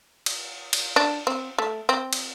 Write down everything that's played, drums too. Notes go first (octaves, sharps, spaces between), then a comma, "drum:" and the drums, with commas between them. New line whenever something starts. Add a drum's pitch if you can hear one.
drum: cymbal
drum: cymbal
D4
C4
A3
C4
drum: cymbal